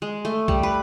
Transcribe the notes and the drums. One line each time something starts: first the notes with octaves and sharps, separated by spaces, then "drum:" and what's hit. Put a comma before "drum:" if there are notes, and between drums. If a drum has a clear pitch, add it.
G#3
A3
G3, drum: kick B1
B4